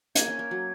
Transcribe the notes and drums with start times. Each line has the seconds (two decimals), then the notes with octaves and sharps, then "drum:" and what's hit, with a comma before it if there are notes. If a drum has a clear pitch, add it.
0.15 A#3 G#6, drum: hi-hat
0.28 C#4
0.39 A#3
0.51 F#3